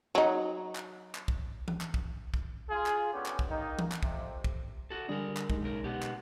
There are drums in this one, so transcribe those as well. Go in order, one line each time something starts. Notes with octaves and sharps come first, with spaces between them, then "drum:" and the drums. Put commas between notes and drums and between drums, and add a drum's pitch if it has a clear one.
F#3 D#4
drum: clap
drum: clap
drum: kick
drum: tom E3
drum: clap
drum: kick
drum: kick
F4 G#4
drum: clap
D3 B3 C#4 G4
drum: clap
drum: kick
D#3 A#3 D#4
drum: tom E3
drum: clap
F2 C3, drum: kick
drum: kick
F#4 A4
D3 G3 D4 G#4 A#4
drum: clap
G#3 D#4, drum: kick
B1 A#4
B2 B3 G4
drum: clap